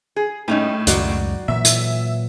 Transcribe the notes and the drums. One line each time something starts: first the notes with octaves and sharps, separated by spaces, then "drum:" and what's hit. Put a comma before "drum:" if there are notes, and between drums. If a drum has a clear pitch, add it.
G#4
A2 G3 C#4 D#4
C#2 F#2 D#3 G#3 F#4 D5, drum: hi-hat
A#2 E3 F#3 E5
drum: hi-hat